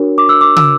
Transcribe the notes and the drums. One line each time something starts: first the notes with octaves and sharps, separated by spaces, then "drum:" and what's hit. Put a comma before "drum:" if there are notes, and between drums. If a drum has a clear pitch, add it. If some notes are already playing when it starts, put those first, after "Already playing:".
Already playing: D4 F#4 A#4 C#5
D6
E6
D6
E6, drum: tom